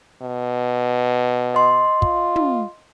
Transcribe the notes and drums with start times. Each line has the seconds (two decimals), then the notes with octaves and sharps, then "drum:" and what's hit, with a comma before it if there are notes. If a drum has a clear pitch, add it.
0.22 B2
1.54 D#5 C6
2.02 F4, drum: kick
2.36 drum: tom